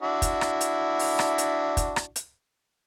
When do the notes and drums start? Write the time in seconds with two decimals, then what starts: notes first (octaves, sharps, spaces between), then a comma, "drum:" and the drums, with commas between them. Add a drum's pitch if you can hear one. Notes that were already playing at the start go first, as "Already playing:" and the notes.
0.02 D4 E4 F#4
0.22 drum: kick, hi-hat
0.41 drum: rim click
0.61 drum: hi-hat
0.99 drum: open hi-hat
1.19 drum: rim click
1.38 drum: hi-hat
1.77 drum: kick, hi-hat
1.96 drum: rim click
2.16 drum: hi-hat